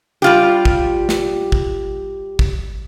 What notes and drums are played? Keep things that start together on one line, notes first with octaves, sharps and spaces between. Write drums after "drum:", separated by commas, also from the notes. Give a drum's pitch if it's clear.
G3 F4 G4
drum: kick
drum: snare
drum: kick
drum: kick